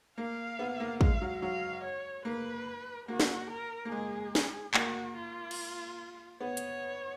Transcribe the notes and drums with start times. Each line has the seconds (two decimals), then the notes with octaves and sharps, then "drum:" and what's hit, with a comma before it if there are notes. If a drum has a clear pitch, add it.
0.18 A#3 F5
0.59 B3
0.80 A#3
1.01 G#3 F5, drum: kick
1.21 F#3
1.42 F#3 F5
1.83 C#5
2.25 A#3 B4
3.08 A#3 F#4
3.20 drum: snare
3.50 A#4
3.85 A#3
3.91 G#3 G#4
4.35 drum: snare
4.74 A#3 F#4, drum: clap
5.16 F4
5.51 drum: cymbal
6.40 B3 C#5
6.57 drum: hi-hat